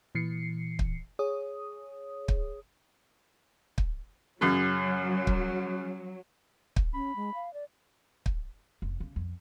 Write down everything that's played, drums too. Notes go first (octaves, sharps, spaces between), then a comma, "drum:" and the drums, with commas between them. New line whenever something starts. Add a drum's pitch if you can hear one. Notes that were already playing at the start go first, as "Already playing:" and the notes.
A#2 E3 C7 C#7
drum: kick
G#4 C#5 D#6
drum: kick
drum: kick
F#2 C#3 F#3
drum: kick
drum: kick
C#4 B5
G#3
F5
D5
drum: kick
F1
C#3
F2